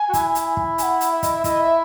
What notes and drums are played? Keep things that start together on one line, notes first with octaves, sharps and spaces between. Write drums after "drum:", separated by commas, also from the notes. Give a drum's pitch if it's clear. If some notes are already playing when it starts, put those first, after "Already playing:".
Already playing: G#5
F#4
E4, drum: kick, hi-hat
drum: hi-hat
drum: kick
G#5, drum: hi-hat
F#5
drum: hi-hat
E5
D#5, drum: kick, hi-hat
E5
E4 D#5, drum: kick, hi-hat
E5